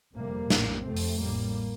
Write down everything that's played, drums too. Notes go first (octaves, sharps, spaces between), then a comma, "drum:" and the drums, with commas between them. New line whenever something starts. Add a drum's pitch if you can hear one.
G1 F2 C3 G3 A#3
A#1 A2, drum: snare
F1 F2 C3 A3 C4
drum: open hi-hat
A1 A2 G3 A#3